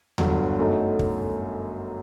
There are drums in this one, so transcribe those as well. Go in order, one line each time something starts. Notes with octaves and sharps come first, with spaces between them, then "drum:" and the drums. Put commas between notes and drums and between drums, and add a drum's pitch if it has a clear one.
G1 G2 F#3, drum: tom D#2
F#2 F#3 A3 D#4 A4
drum: kick